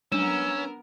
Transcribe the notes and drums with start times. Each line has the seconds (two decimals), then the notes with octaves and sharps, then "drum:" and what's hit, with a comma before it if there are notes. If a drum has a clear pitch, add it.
0.12 B3 C#4 D4 A#4 E6 E7, drum: tom F#3